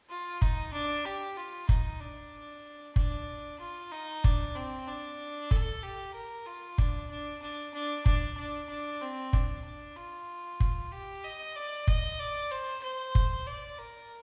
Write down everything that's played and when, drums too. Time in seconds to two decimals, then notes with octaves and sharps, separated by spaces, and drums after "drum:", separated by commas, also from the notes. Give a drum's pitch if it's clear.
0.10 F4
0.42 D#4, drum: kick
0.73 D4
1.05 G4
1.37 F4
1.69 D#4, drum: kick
2.00 D4
2.96 D4, drum: kick
3.60 F4
3.92 D#4
4.24 D4, drum: kick
4.55 C4
4.88 D4
5.51 A4, drum: kick
5.83 G4
6.14 A#4
6.46 F4
6.78 D4, drum: kick
7.10 D4
7.42 D4
7.74 D4
8.06 D4, drum: kick
8.37 D4
8.69 D4
9.01 C4
9.33 D4, drum: kick
9.65 D4
9.96 F4
10.60 drum: kick
10.92 G4
11.24 D#5
11.56 D5
11.88 D#5, drum: kick
12.19 D5
12.51 C5
12.83 C5
13.15 drum: kick
13.47 D5
13.78 A#4